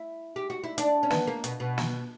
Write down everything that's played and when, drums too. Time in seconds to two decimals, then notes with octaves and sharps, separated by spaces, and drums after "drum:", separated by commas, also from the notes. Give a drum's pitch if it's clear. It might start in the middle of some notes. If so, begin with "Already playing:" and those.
Already playing: E4
0.36 G4
0.50 F#4
0.64 E4
0.78 D4, drum: hi-hat
1.03 C#4
1.10 B3, drum: snare
1.27 A#3
1.44 B2, drum: hi-hat
1.60 B2
1.78 drum: snare